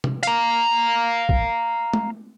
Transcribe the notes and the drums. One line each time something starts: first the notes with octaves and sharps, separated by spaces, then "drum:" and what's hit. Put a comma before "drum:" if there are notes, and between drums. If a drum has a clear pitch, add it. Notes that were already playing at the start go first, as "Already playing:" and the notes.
drum: tom C3
F5 A#5, drum: hi-hat
drum: kick
drum: tom